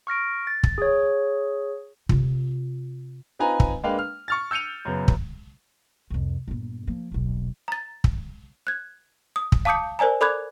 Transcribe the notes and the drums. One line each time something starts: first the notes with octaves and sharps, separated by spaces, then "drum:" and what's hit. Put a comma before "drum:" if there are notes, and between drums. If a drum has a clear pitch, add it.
C#6 F6 A#6 D7
A6
drum: kick
G#4 C#5
C3 F4, drum: kick
C4 D#4 F4 B4 G#5 A#5
drum: kick
G#3 A#3 D4 B4 F5 G5
F6
C#6 F6 A6
E6 G6 C#7 D#7 F7
F#2 C#3 B3
drum: kick
C2 F2
G1 A#2
F3 A#3
D#1 B1
A#5 A6
drum: kick
F#6 G#6
D#6
drum: kick
F5 A5 D6 D#6 G6 C#7
A#4 C5 D5 G#5 A#5
A4 D5 B5 D6 F#6 G#6